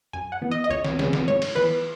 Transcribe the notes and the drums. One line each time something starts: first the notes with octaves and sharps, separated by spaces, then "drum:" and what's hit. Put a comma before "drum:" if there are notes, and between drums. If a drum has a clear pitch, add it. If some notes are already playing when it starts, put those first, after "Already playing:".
F#2 G#5
F#5
E3 B3
D#5
D#5
C#2 C#5
drum: snare
C#3 G#3 C#4, drum: snare
drum: snare
G#2 C#5
drum: cymbal
E3 B3 B4